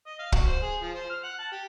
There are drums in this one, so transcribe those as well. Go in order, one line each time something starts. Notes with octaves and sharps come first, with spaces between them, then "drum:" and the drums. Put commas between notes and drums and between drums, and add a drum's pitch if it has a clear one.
D#5
F5
F#4, drum: kick
C5
G#4
F3
C5
F6
F#5
A5
G4